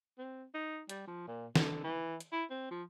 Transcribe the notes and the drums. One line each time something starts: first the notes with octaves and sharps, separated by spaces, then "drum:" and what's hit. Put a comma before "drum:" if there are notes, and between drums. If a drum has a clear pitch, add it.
C4
D#4
G3, drum: hi-hat
F3
A#2
D3, drum: snare
E3
drum: hi-hat
E4
C4
F3